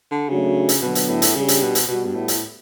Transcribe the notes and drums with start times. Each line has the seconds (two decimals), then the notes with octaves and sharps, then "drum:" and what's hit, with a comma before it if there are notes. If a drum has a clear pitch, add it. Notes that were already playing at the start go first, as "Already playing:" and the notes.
0.12 D3
0.29 C#3 F#3 A3 D4 F#4
0.69 drum: hi-hat
0.82 B2 D3 F#3 B3
0.95 drum: hi-hat
1.08 A2
1.22 drum: hi-hat
1.35 C#3 G3 D4 G4
1.48 drum: hi-hat
1.62 B2
1.75 drum: hi-hat
1.88 B2 G3 B3 F#4
2.05 G2
2.15 A2
2.28 drum: hi-hat